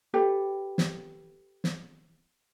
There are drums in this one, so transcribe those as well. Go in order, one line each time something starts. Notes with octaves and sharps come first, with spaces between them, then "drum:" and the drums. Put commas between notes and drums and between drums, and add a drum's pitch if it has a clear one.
G4 A4 B4
drum: snare
drum: snare